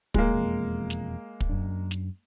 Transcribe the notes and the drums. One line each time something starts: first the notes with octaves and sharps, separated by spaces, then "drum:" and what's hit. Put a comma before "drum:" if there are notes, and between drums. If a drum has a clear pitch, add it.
G#3 A#3, drum: kick
E1 F2
drum: snare
drum: kick
F#2 D4
drum: snare